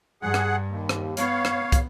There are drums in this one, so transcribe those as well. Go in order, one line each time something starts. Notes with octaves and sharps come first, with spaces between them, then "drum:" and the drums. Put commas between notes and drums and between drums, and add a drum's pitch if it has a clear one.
G2 G#4 F#5
drum: rim click
D#2
drum: rim click
B3 C#5 F5, drum: hi-hat
drum: rim click
drum: kick, hi-hat